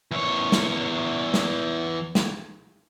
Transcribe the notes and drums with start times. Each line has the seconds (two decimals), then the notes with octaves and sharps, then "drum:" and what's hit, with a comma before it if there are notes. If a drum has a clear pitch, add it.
0.11 E2 C#5
0.52 drum: snare
1.34 drum: snare
2.15 drum: snare